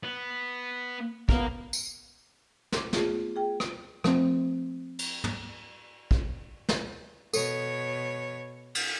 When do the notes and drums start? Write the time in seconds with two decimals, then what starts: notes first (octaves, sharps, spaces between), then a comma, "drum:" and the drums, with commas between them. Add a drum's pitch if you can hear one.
0.03 B3
1.29 B3 A#4 F5, drum: kick
1.73 drum: tambourine
2.72 C6 D6, drum: snare
2.93 A3 B3 F4 G#4, drum: snare
3.36 G#4 G5
3.60 drum: rim click
4.04 F3 A3 C4, drum: rim click
4.99 drum: cymbal
5.24 drum: tom
6.11 drum: kick
6.69 drum: snare
7.33 B2 A4 C#5, drum: tambourine
8.75 drum: cymbal